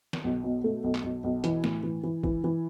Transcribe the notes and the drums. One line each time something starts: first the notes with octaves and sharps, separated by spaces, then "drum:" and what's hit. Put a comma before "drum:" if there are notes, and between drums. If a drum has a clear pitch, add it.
drum: snare E3
B1
B2
A3
B1
drum: clap
B1
B1
E3, drum: hi-hat
A2, drum: snare E3
E3
E3
E3, drum: kick
E3